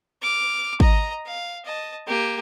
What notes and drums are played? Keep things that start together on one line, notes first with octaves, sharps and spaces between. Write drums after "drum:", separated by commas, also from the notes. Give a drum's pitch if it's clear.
D6 F6
D#5 A#5, drum: kick
F5
D#5 A5
A#3 G4